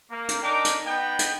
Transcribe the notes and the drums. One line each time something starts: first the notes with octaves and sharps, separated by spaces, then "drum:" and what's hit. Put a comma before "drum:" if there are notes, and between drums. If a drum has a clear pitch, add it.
A#3
drum: hi-hat
D4 D#4 A#4 G5 D6
drum: hi-hat
B3 D#4 G5
drum: hi-hat